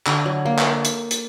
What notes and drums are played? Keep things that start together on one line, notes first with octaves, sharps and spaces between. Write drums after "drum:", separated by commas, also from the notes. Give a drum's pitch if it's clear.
D3, drum: clap
F#3
A#3
drum: clap
drum: hi-hat
drum: hi-hat